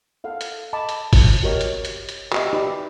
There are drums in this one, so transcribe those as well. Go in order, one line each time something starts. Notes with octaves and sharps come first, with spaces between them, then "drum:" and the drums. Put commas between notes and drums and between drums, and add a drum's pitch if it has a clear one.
A4 F5 F#5
drum: hi-hat
D#5 A5 B5 D6
drum: hi-hat
drum: kick G1, open hi-hat
F#4 G4 A#4 C#5 D#5 C#6
drum: hi-hat
drum: hi-hat
drum: hi-hat
F#4 G4 D#5 E5, drum: clap
D#4 G4 B4 D5 B5